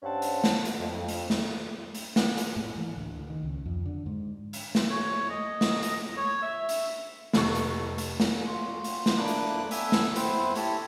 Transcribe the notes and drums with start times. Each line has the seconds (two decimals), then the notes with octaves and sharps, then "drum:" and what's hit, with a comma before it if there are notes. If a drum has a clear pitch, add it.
0.03 G2 C4 C#4 F#5 A5
0.22 drum: hi-hat
0.44 drum: snare
0.65 drum: hi-hat
0.79 F2
1.08 drum: hi-hat
1.30 drum: snare
1.95 drum: hi-hat
2.16 drum: snare
2.38 drum: hi-hat
2.56 A2
2.77 E3
2.97 D2
3.30 D#3
3.43 C#2
3.65 F2
3.86 D3
4.06 G#2
4.53 drum: hi-hat
4.75 drum: snare
4.90 C#5
5.30 D#5
5.61 drum: snare
5.83 drum: hi-hat
6.17 C#5
6.42 E5
6.69 drum: hi-hat
7.33 F1 A4 C#6, drum: snare
7.55 drum: hi-hat
7.98 drum: hi-hat
8.20 drum: snare
8.46 F4 F#4
8.84 drum: hi-hat
9.06 drum: snare
9.17 A3 A#3 D4 B4 D6 F#6
9.27 drum: hi-hat
9.71 A3 B3 E5 G#5, drum: hi-hat
9.92 drum: snare
10.16 B3 C4 E4 B4 C5, drum: hi-hat
10.55 E4 G4 A4 C#5, drum: hi-hat